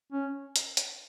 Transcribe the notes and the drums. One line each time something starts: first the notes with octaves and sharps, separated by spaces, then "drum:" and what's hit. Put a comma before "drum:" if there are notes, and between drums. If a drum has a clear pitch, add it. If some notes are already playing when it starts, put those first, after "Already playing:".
C#4
drum: hi-hat
drum: hi-hat